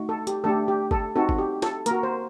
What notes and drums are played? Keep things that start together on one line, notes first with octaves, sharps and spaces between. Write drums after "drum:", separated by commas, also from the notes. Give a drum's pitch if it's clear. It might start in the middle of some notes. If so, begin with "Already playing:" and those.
Already playing: A3 D#4 F#4
A4
G4, drum: hi-hat
A3 D4 G4 A4
G4
A4, drum: kick G1
C4 D#4 F#4 A4
drum: kick G1
G4
A4, drum: snare
A#3 F#4 A#4, drum: hi-hat
C5